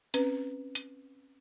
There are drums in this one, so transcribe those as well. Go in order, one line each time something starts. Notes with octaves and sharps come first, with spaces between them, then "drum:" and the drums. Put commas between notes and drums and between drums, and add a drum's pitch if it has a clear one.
C4 C#4 B4, drum: hi-hat
drum: hi-hat